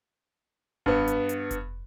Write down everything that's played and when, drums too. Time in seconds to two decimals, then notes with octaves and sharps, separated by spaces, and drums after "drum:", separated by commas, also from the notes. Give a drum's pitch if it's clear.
0.86 G2 B3, drum: kick F1
1.08 drum: hi-hat
1.29 drum: hi-hat
1.51 drum: kick F1, hi-hat